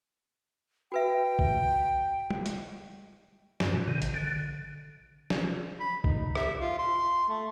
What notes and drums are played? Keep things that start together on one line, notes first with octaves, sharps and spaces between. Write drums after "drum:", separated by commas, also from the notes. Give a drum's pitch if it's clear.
F#4 B4 E5 G5
drum: kick
drum: tom
drum: hi-hat
G2, drum: snare
B2
D#3
A1, drum: hi-hat
D3
drum: snare
B5
D#4, drum: kick
E5, drum: rim click
F4
C6
A3